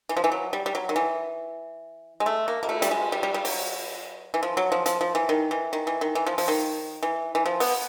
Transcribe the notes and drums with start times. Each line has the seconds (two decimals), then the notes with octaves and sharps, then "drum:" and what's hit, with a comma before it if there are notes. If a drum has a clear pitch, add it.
0.09 E3
0.17 F3
0.24 E3
0.32 F#3
0.53 G3
0.66 G3
0.75 F#3
0.89 D#3
0.96 E3
2.20 G#3
2.26 A3
2.48 A#3
2.63 A#3, drum: cymbal
2.69 A3
2.82 G3, drum: hi-hat
2.91 G#3
3.12 G3
3.23 G3
3.34 G3
3.45 F#3, drum: open hi-hat
4.34 E3
4.43 F3
4.57 F#3
4.72 F3
4.86 F3, drum: hi-hat
5.01 F3
5.15 E3
5.29 D#3
5.51 E3
5.73 D#3
5.87 E3
6.01 D#3
6.15 E3
6.27 F3
6.38 F3, drum: open hi-hat
6.48 D#3
7.03 E3
7.35 E3
7.46 F3
7.60 B3, drum: open hi-hat